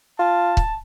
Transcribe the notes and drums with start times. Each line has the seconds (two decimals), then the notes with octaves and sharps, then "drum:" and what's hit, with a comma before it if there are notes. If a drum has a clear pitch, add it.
0.19 F4 A5
0.57 drum: kick C#1